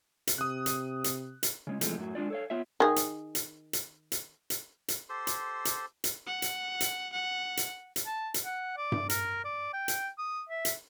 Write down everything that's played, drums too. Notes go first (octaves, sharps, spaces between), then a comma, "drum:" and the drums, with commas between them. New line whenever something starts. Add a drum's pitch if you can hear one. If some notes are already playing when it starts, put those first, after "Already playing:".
drum: hi-hat
C3 D#6 F#6
drum: hi-hat
drum: hi-hat
drum: hi-hat
C#3 G#3 C#4
C3 E3 F3 G#3 A3, drum: hi-hat
F#2 A2 F#3
G#3 D4 F4 D5
A4 C#5 F5
B3 F4 C#5 E5
D#3 G#4
drum: hi-hat
drum: hi-hat
drum: hi-hat
drum: hi-hat
drum: hi-hat
drum: hi-hat
G4 A4 C5 C6
drum: hi-hat
drum: hi-hat
drum: hi-hat
F#5
drum: hi-hat
drum: hi-hat
F#5
drum: hi-hat
drum: hi-hat
A5
drum: hi-hat
F#5
D5
drum: tom G2
A#4, drum: hi-hat
D5
G5
drum: hi-hat
D#6
E5
drum: hi-hat